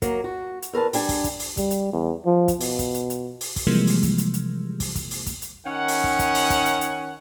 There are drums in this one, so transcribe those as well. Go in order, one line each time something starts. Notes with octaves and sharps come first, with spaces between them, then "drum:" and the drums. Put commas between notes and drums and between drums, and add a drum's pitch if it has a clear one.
F#3 A#3, drum: kick, hi-hat
F#4
drum: hi-hat
E2 A#4 B4 A5
G3 D4 G#5, drum: open hi-hat
drum: kick, open hi-hat
drum: kick, hi-hat
drum: open hi-hat
G3, drum: kick, hi-hat
drum: hi-hat
E2
F3
drum: kick, hi-hat
B2, drum: open hi-hat
drum: kick, hi-hat
drum: hi-hat
drum: hi-hat
drum: open hi-hat
drum: kick, open hi-hat
C3 E3 F3 G3 G#3 A#3
drum: open hi-hat
drum: kick, hi-hat
drum: hi-hat
drum: hi-hat
drum: kick, open hi-hat
drum: kick, hi-hat
drum: open hi-hat
drum: kick, hi-hat
drum: hi-hat
D#3 C#4 F#5
drum: open hi-hat
drum: kick
drum: kick, hi-hat
drum: open hi-hat
drum: kick, hi-hat
drum: hi-hat
drum: hi-hat